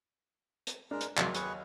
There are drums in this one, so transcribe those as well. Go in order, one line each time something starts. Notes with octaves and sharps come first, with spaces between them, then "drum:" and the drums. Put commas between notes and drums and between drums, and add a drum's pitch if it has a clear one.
drum: hi-hat
G#3 D4 A#4
drum: hi-hat
D#2 F#3 G#3 D5 C6, drum: clap
G#4 B4 C#6, drum: hi-hat